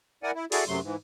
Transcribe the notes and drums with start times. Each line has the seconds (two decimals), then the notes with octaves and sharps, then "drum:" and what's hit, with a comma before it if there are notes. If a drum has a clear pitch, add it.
0.23 E4 A#4 D5 F#5 G#5
0.35 E4
0.52 E4 F#4 G#4 A4 D5, drum: open hi-hat
0.68 F#2 C3 F#3 A3 C6
0.83 G#2 E3